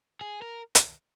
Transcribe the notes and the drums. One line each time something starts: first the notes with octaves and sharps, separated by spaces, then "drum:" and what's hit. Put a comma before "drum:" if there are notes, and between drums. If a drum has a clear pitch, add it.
G#4
A#4
drum: hi-hat